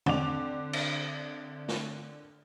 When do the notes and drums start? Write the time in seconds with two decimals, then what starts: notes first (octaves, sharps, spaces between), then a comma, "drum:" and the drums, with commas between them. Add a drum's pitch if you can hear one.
0.06 D3 C4 D4 D6 F7, drum: tom
0.73 drum: cymbal
1.68 drum: snare